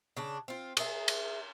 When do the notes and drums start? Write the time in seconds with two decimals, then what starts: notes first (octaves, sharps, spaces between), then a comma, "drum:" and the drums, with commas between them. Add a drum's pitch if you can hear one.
0.17 C#3 D4
0.48 C4 F4
0.77 G#4 E5, drum: cymbal
1.08 drum: cymbal